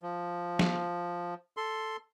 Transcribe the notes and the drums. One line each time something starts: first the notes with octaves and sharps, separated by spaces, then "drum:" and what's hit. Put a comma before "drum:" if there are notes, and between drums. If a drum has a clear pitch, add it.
F3
drum: snare
A4 C6